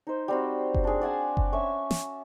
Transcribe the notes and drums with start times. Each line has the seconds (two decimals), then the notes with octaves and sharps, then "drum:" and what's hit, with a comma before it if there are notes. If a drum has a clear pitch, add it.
0.07 D#4 C5
0.28 G3 C4 F#4
0.74 drum: kick F#1
0.84 D4 G#4
1.02 D5 F#5 G#5 A5
1.37 drum: kick F#1
1.53 C#4 E5 C#6
1.91 drum: snare